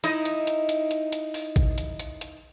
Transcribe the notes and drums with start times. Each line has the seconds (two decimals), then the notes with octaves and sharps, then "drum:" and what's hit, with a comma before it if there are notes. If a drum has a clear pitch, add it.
0.04 D#4 E4 D#5, drum: hi-hat
0.25 drum: hi-hat
0.47 drum: hi-hat
0.69 drum: hi-hat
0.91 drum: hi-hat
1.12 drum: hi-hat
1.34 drum: open hi-hat
1.56 drum: kick A1, hi-hat
1.78 drum: hi-hat
1.99 drum: hi-hat
2.21 drum: hi-hat